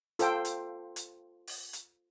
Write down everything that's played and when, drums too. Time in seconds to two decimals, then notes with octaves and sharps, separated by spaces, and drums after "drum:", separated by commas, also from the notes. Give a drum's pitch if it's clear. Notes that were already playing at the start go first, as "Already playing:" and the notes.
0.19 F4 A4 C5 G5, drum: hi-hat
0.45 drum: hi-hat
0.96 drum: hi-hat
1.47 drum: open hi-hat
1.73 drum: hi-hat